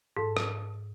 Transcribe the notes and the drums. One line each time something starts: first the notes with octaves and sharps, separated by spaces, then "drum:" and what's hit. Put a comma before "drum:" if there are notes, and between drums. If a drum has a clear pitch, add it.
G#2 A4
drum: rim click